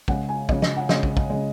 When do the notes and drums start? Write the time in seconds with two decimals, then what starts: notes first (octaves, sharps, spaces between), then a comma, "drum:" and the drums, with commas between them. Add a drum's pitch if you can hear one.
0.08 C#3 G#3 F#5, drum: kick
0.29 G#5
0.49 C#3 G#3 D#5, drum: kick
0.62 D#5, drum: snare
0.76 F#5
0.89 C#3 G#3 D#5, drum: snare
1.03 drum: kick
1.17 drum: kick
1.30 C#3 G#3